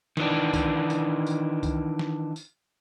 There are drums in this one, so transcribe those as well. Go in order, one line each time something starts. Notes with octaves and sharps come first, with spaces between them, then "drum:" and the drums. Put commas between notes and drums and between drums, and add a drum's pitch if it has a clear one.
D#3 E3 D4, drum: snare
drum: kick C2, tambourine
drum: tambourine
drum: tambourine
drum: kick C2, tambourine
drum: snare
drum: tambourine